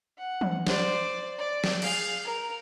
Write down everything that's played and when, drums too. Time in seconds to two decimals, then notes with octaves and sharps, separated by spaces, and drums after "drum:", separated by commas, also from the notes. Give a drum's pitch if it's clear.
0.18 F#5
0.41 drum: tom E3
0.67 C5 D5, drum: snare
1.38 D5
1.64 drum: snare
1.82 G#4 F5, drum: cymbal
2.24 A#4